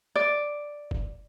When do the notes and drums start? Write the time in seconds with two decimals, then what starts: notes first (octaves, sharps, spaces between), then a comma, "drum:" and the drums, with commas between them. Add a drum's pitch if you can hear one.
0.16 D5
0.91 drum: kick